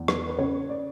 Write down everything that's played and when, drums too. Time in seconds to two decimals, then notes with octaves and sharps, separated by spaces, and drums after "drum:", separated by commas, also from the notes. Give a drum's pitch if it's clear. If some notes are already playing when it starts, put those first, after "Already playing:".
Already playing: E2
0.08 B4, drum: rim click
0.29 B4
0.38 C#3 C#5
0.69 D5